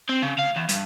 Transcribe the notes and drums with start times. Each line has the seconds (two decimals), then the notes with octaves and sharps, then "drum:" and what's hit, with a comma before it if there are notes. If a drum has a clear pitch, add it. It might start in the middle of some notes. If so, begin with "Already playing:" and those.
0.09 C4
0.22 C#3
0.39 D2 F5
0.56 E2
0.69 G2, drum: hi-hat